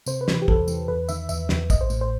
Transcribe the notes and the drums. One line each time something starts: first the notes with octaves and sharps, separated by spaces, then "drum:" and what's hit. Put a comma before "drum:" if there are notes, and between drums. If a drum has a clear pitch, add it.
C3 C5, drum: tambourine
B4
E3, drum: snare
B4
G4
E2 A4, drum: kick
E3, drum: tambourine
E2 B4
D#3 E5, drum: tambourine
E2 E5, drum: tambourine
E2, drum: snare
A1 D#5, drum: kick, tambourine
C5
A2, drum: tambourine
C5